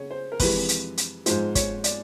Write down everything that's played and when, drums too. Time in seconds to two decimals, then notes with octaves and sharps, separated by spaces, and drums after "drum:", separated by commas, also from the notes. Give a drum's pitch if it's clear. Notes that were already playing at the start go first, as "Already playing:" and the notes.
Already playing: C#3 C#5
0.11 C5
0.32 A#4
0.40 F2 C3 E3 G#3 B4, drum: kick, open hi-hat
0.69 drum: hi-hat
0.97 drum: hi-hat
1.26 G#2 F3 G#3 C5, drum: hi-hat
1.55 C#5, drum: kick, hi-hat
1.84 D5, drum: hi-hat